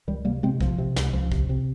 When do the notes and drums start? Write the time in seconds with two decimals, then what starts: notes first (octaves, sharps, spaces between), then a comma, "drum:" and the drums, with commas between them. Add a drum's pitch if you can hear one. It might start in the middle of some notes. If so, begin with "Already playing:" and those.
0.07 C#2 D#3 G3
0.25 C3 G3 A#3
0.43 C3 G#3 C4
0.61 C3 F3, drum: kick
0.78 C3
0.96 C#2, drum: snare
1.13 C#2 F3
1.32 C3, drum: kick
1.49 C3